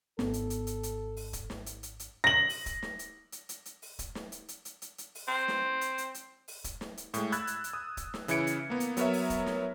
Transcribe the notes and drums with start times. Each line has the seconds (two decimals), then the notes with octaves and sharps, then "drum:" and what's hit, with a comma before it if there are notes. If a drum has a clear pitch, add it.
0.19 G#1 B3 A4, drum: snare
0.34 drum: hi-hat
0.50 drum: hi-hat
0.67 drum: hi-hat
0.83 drum: hi-hat
1.17 drum: open hi-hat
1.33 drum: kick D1, hi-hat
1.50 drum: snare
1.66 drum: hi-hat
1.83 drum: hi-hat
2.00 drum: hi-hat
2.24 A#6 F#7
2.49 drum: open hi-hat
2.66 drum: kick D1, hi-hat
2.83 drum: snare
2.99 drum: hi-hat
3.32 drum: hi-hat
3.49 drum: hi-hat
3.66 drum: hi-hat
3.82 drum: open hi-hat
3.99 drum: kick D1, hi-hat
4.15 drum: snare
4.32 drum: hi-hat
4.48 drum: hi-hat
4.65 drum: hi-hat
4.82 drum: hi-hat
4.98 drum: hi-hat
5.15 drum: open hi-hat
5.28 C4
5.48 drum: snare
5.81 drum: hi-hat
5.98 drum: hi-hat
6.14 drum: hi-hat
6.48 drum: open hi-hat
6.64 drum: kick D1, hi-hat
6.81 drum: snare
6.97 drum: hi-hat
7.14 A2 G#3, drum: hi-hat
7.32 B5 E6 F#6 G#6 A6, drum: hi-hat
7.47 drum: hi-hat
7.64 drum: hi-hat
7.73 D#6
7.97 drum: kick D1, hi-hat
8.14 drum: snare
8.28 C#3 E3 E4 G#6 C#7 D7, drum: hi-hat
8.47 drum: hi-hat
8.70 A#3 B3
8.80 drum: hi-hat
8.97 F#3 B3 A#4 C#5 E5, drum: hi-hat
9.13 drum: open hi-hat
9.30 drum: kick D1, hi-hat
9.46 drum: snare